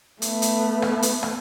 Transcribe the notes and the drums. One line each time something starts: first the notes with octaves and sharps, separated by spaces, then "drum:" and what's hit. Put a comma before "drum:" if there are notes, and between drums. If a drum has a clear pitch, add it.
A3 B3, drum: hi-hat
drum: hi-hat
drum: rim click
drum: hi-hat
drum: rim click